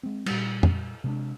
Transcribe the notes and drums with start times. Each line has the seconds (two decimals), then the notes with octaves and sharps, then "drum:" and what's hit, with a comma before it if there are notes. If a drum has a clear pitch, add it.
0.03 G#3 C4
0.26 A#2 G3, drum: cymbal
0.63 drum: tom
1.04 C3 G#3 D4